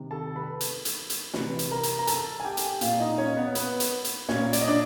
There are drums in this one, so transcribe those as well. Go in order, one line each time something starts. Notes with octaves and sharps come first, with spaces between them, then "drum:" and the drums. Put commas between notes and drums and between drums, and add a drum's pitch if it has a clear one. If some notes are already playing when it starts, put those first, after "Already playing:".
Already playing: C3 D#3
A4 A5
B4 B5
drum: hi-hat
drum: hi-hat
drum: hi-hat
C3 E3 B4 B5, drum: snare
drum: hi-hat
A#4 A#5
drum: hi-hat
A#5
A4 A5, drum: hi-hat
G#5
G4 G5
drum: hi-hat
A#2 F4 F5, drum: hi-hat
D#4 D#5
C#4 C#5
B3 B4
B3 B4, drum: hi-hat
drum: hi-hat
drum: hi-hat
A#2 C#4 C#5, drum: snare
D5, drum: hi-hat
D#5
D4 D5